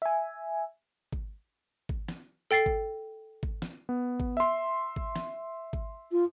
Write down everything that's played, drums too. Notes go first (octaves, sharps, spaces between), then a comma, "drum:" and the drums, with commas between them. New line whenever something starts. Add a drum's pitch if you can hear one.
E5 G#5
drum: kick G#1
drum: kick G#1
drum: snare
A4 G5 A6 C7
drum: kick G#1
drum: kick G#1
drum: snare
B3
drum: kick G#1
E5 C6
drum: kick G#1
drum: snare
drum: kick G#1
F4